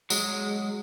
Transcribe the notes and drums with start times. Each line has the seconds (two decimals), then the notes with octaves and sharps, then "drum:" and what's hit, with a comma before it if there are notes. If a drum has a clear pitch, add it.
0.10 F#3 G#3, drum: tambourine